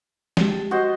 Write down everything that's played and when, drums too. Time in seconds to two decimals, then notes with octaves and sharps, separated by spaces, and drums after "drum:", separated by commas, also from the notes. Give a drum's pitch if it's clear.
0.37 G#3 G4 A5, drum: snare
0.71 F#4 C5 D#5